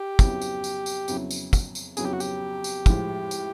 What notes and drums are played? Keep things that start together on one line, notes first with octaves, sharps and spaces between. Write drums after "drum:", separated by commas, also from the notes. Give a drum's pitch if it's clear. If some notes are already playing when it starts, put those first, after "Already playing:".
Already playing: G4
F2 C#3 F#3 B3 E4, drum: kick, tambourine
drum: tambourine
drum: tambourine
drum: tambourine
F2 C#3 F#3 B3 E4, drum: tambourine
drum: tambourine
drum: kick, tambourine
drum: tambourine
F2 C#3 F#3 B3 E4 G#4, drum: tambourine
G4
F#4
G4, drum: tambourine
drum: tambourine
A2 F3 G#3, drum: kick, tambourine
drum: tambourine